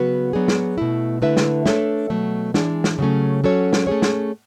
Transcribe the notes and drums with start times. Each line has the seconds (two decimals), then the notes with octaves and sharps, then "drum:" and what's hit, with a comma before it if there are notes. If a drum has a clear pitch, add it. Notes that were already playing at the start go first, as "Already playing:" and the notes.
Already playing: C#3 F#3 B3 F#4 B4
0.33 F#3 B3 D4 G#4
0.48 drum: snare
0.78 B2 A3 E4
1.22 D3 A3 E4 B4 E5
1.37 drum: snare
1.66 A3 D4 A4 C#5 E5, drum: snare
2.10 B2 F#3 A3
2.54 E3 G#3 D4, drum: snare
2.84 drum: snare
2.99 C#3 F#3 A3 C#4
3.44 F#3 C#4 F#4 A4 C#5
3.73 drum: snare
3.87 A3 C#4 G#4 C#5
4.02 drum: snare